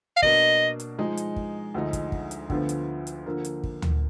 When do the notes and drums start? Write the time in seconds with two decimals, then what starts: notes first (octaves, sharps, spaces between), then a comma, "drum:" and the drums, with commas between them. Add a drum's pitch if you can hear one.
0.17 F5
0.22 B2 A#3 D4 D#5, drum: kick
0.80 drum: hi-hat
0.98 F3 G#3 D#4
1.17 drum: hi-hat
1.36 drum: kick
1.74 D2 D3 F3 G#3 D#4
1.93 drum: kick, hi-hat
2.12 drum: kick
2.31 drum: hi-hat
2.50 D2 D3 F3 B3 F4, drum: kick
2.69 drum: hi-hat
3.07 drum: hi-hat
3.26 D3 F3 A#3
3.45 drum: hi-hat
3.63 drum: kick
3.82 drum: tom D2